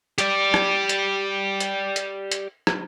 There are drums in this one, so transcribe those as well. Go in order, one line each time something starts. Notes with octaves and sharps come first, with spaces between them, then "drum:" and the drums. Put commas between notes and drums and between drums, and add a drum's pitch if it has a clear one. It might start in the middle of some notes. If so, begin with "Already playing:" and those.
G4 D5, drum: hi-hat
drum: rim click
drum: hi-hat
drum: hi-hat
drum: hi-hat
drum: hi-hat
drum: rim click